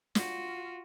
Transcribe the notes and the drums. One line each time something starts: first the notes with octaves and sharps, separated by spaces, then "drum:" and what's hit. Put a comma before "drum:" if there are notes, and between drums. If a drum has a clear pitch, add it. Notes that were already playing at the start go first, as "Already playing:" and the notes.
F4 F#4, drum: snare